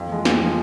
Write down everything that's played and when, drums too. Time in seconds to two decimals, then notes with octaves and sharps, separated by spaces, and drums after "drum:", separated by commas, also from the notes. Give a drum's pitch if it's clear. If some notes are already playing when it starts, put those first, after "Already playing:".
Already playing: F2 F4
0.09 F3 G#3
0.25 F2, drum: snare
0.40 F3 G#3